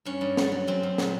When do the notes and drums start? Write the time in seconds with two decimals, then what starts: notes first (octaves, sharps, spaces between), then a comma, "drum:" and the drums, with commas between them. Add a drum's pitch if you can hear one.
0.05 G2 C#4
0.21 G2
0.37 A3, drum: snare
0.52 F#3
0.67 F#2 C4
0.83 F#2
0.98 A#2, drum: snare